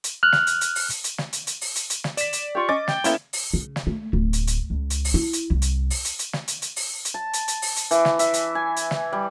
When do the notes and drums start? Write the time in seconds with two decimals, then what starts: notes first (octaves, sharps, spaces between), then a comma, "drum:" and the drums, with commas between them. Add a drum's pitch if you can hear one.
0.04 drum: hi-hat
0.23 F6 F#6
0.32 drum: snare
0.47 drum: hi-hat
0.61 drum: hi-hat
0.75 drum: open hi-hat
0.90 drum: hi-hat
1.04 drum: hi-hat
1.18 drum: snare
1.33 drum: hi-hat
1.47 drum: hi-hat
1.61 drum: open hi-hat
1.76 drum: hi-hat
1.90 drum: hi-hat
2.04 drum: snare
2.17 D5 B6 E7, drum: hi-hat
2.33 drum: hi-hat
2.55 F4 G4 C#6
2.69 C#4 D#5 D6 A6
2.88 G5, drum: snare
3.04 A#3 B3 C#4 E4 A4 E5, drum: hi-hat
3.33 drum: open hi-hat
3.54 C#3
3.76 drum: snare
3.87 A3
4.13 D1
4.33 drum: hi-hat
4.47 drum: hi-hat
4.70 C#2
4.90 drum: hi-hat
5.05 drum: open hi-hat
5.14 E4
5.33 drum: hi-hat
5.51 C2
5.62 drum: hi-hat
5.90 drum: open hi-hat
6.05 drum: hi-hat
6.19 drum: hi-hat
6.33 drum: snare
6.48 drum: hi-hat
6.62 drum: hi-hat
6.76 drum: open hi-hat
7.05 drum: hi-hat
7.14 A5
7.33 drum: hi-hat
7.48 drum: hi-hat
7.62 drum: open hi-hat
7.76 drum: hi-hat
7.91 E3, drum: hi-hat
8.05 drum: snare
8.19 E5, drum: hi-hat
8.34 drum: hi-hat
8.55 G#5
8.76 drum: hi-hat
8.91 drum: snare
9.13 G3